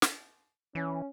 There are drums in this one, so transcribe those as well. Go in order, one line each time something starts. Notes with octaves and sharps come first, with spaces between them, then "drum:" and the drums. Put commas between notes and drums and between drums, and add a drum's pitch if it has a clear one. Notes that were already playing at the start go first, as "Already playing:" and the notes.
drum: snare
E3 C#4